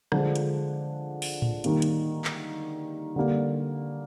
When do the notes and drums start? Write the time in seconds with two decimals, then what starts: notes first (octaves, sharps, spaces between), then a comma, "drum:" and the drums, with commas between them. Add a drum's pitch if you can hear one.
0.12 D3 F3 G#3 D4, drum: rim click
0.35 drum: hi-hat
1.22 drum: open hi-hat
1.42 drum: tom A2
1.64 D#3 G3 A#3, drum: hi-hat
1.82 drum: hi-hat
2.25 drum: clap
3.16 D3 G3 A#3